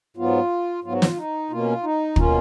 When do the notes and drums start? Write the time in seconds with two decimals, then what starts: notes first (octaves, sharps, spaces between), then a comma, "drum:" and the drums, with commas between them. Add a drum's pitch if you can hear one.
0.17 G#2 F#3 B3 F4
0.84 G#2 F#3 B3 F4
0.92 F#4
1.02 F4, drum: snare
1.17 D#4
1.50 B2 A#3 C#4 F4
1.83 D#4
2.16 B2 A#3 C#4 F4, drum: kick